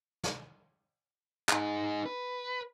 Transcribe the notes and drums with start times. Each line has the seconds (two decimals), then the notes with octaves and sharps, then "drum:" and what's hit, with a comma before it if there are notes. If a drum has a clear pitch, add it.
0.24 drum: snare
1.49 D#4 G#4, drum: clap
2.06 B4